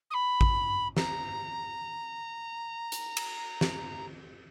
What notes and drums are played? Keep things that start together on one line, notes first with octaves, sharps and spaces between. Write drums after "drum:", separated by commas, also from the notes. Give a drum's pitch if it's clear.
D#6
B5
drum: kick A1
A#5, drum: snare
drum: hi-hat
drum: cymbal
drum: snare